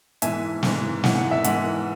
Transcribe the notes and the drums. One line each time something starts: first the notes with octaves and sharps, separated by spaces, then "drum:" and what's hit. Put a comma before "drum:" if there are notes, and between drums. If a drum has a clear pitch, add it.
G#2 E3 E5 G#5, drum: hi-hat
G#2 E3, drum: snare
G#2 E3 F#5, drum: snare
F#5
E5
G#2 E3 F#5, drum: hi-hat